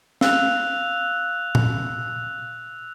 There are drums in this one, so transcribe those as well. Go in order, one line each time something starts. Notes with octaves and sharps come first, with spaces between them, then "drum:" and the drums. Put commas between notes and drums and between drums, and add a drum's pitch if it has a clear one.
F5 E6 F#6 F7, drum: snare
drum: tom A#2